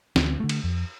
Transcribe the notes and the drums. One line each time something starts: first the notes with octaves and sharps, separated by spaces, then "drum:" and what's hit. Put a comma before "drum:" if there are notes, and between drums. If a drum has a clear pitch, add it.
D2, drum: snare
D3 A3
drum: cymbal
F2